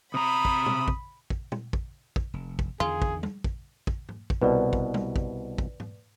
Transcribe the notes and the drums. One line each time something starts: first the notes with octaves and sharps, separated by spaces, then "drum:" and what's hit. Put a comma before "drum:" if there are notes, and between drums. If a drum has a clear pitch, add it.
C3 A#5 B5 D#6
drum: kick
drum: tom
drum: kick
drum: kick
drum: tom
drum: kick
drum: kick
F1
drum: kick
E2 D3 D#3 F4 G#4
drum: kick
drum: tom
drum: kick
drum: kick
drum: tom G#2
drum: kick
C2 B2 B4 D5
drum: kick
drum: tom
drum: kick
drum: kick
drum: tom G#2